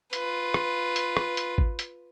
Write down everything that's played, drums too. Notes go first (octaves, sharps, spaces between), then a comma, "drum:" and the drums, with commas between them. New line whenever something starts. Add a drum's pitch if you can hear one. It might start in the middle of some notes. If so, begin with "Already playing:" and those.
F4 B4, drum: hi-hat
drum: rim click
drum: hi-hat
drum: rim click
drum: hi-hat
drum: kick G#1
drum: hi-hat